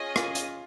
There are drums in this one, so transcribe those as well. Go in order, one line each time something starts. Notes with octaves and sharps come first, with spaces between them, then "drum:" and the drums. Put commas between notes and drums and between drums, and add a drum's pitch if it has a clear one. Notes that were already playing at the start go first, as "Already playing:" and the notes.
Already playing: C#4 F4 G#4 D#5 G#5
F4, drum: rim click
drum: hi-hat